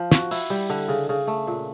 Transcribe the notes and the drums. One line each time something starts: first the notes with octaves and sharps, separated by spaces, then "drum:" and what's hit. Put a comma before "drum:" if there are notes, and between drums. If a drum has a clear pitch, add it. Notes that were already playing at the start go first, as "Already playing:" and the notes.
Already playing: F3
F#4, drum: snare
E4, drum: open hi-hat
G3
D3
C#3
C#3
A3
A#2